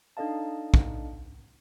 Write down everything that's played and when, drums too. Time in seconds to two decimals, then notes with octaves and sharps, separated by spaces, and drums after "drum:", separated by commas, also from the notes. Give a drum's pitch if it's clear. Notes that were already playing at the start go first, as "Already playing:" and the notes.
0.17 D4 D#4 A4 D#5 F5 A5
0.74 drum: kick